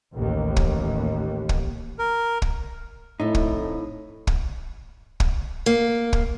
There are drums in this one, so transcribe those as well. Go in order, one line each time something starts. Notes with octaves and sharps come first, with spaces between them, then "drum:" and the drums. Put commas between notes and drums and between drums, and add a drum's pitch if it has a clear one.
A1 D#2
drum: kick
drum: kick
A#4
drum: kick
F2 A2 D#4 E4 A4
drum: kick
drum: kick
drum: kick
A#3
drum: kick